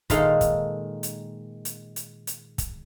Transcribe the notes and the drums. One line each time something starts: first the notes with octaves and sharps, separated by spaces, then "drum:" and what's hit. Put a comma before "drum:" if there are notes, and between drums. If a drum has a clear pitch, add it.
A#2 D#3 G#3 D#4 A4 F5, drum: kick, hi-hat
drum: kick, hi-hat
drum: hi-hat
drum: hi-hat
drum: hi-hat
drum: hi-hat
drum: kick, hi-hat